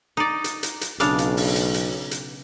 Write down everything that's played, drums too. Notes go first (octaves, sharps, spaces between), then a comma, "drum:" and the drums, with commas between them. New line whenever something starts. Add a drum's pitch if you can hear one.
D#4 D5
drum: hi-hat
drum: hi-hat
drum: hi-hat
B1 C#3 D4 F5, drum: hi-hat
drum: hi-hat
drum: open hi-hat
drum: hi-hat
drum: hi-hat
drum: hi-hat